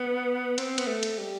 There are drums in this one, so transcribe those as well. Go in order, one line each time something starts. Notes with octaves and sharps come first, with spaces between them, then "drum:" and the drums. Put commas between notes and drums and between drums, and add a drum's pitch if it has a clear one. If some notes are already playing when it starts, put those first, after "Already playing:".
Already playing: B3
C4, drum: cymbal
B3, drum: cymbal
A3
drum: cymbal
G3